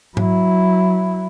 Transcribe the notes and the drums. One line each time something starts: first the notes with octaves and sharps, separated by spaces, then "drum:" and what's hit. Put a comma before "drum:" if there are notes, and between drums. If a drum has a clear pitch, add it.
F#3 E4, drum: tom G#2